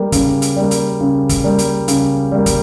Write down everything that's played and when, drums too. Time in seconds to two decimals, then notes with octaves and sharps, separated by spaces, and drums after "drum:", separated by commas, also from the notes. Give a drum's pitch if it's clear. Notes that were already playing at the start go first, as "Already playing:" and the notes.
Already playing: G3 A#3
0.12 C#3, drum: kick, hi-hat
0.42 drum: hi-hat
0.56 G3 A#3
0.71 drum: hi-hat
1.00 C#3
1.29 drum: kick, hi-hat
1.44 G3 A#3
1.59 drum: hi-hat
1.88 C#3, drum: hi-hat
2.32 G3 A#3
2.46 drum: kick, hi-hat